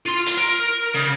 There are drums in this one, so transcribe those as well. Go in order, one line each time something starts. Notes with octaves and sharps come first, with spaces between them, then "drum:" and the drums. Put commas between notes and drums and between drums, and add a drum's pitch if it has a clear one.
F4 C6
drum: hi-hat
A#4
C#3